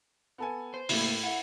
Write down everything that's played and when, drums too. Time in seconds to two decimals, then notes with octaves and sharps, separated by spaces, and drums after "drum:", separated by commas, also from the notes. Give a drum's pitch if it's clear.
0.38 B3 A4 G#5
0.74 C5
0.89 A2 C#3 A#3 E4, drum: open hi-hat
1.23 E4 F#5